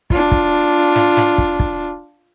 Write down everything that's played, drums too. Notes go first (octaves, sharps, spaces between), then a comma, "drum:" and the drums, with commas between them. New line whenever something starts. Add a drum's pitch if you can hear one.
D4 F4, drum: kick
drum: kick
drum: snare
drum: snare
drum: kick
drum: kick